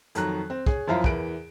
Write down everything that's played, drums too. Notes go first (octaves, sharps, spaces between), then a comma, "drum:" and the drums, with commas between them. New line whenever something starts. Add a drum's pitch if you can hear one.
F2 D#3 F#3 A#5 F#6, drum: hi-hat
C4
G#4 C#5, drum: kick
F#2 F3 E4 F4 F5 A#5
E2 E3 A#4 B4 D7, drum: kick